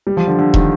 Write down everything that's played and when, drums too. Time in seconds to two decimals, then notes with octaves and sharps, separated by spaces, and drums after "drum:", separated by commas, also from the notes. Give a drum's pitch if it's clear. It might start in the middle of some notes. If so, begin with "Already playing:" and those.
0.07 G3
0.17 F3
0.27 D3
0.39 D3
0.54 D#3, drum: kick